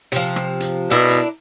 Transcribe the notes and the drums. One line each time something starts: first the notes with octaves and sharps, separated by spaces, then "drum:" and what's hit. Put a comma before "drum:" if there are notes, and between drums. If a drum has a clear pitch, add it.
C3 F3, drum: hi-hat
drum: rim click
drum: hi-hat
B2 D4 E4 A#4
drum: hi-hat